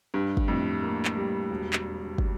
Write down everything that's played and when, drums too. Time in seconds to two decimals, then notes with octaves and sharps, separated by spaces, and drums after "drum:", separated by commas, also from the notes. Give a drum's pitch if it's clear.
0.14 G2 G3
0.37 drum: kick
0.48 F2 A2
0.82 A#3
1.05 drum: clap
1.17 G3
1.50 E1
1.73 drum: clap
2.18 drum: kick